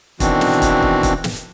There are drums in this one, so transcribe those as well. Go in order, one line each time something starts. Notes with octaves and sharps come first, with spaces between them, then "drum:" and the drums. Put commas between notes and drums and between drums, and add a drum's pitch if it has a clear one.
B2 D#3 E3 C4 D4 F#4, drum: kick, hi-hat
drum: snare
drum: kick, hi-hat
drum: kick
drum: kick, hi-hat
drum: snare